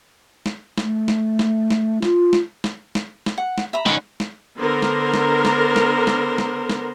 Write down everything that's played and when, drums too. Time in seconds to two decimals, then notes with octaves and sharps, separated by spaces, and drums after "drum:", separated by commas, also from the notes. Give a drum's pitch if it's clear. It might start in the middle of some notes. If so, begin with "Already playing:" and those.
0.46 drum: snare
0.78 A3, drum: snare
1.08 drum: snare
1.39 drum: snare
1.70 drum: snare
2.02 F4, drum: snare
2.33 drum: snare
2.64 drum: snare
2.95 drum: snare
3.26 drum: snare
3.38 F#5
3.58 drum: snare
3.73 E5 A#5 B5
3.86 D#3 C#4 D#4 F#5 B5, drum: snare
4.20 drum: snare
4.59 D3 B3 A#4 C5
4.82 drum: snare
5.14 drum: snare
5.45 drum: snare
5.76 drum: snare
6.07 drum: snare
6.38 drum: snare
6.70 drum: snare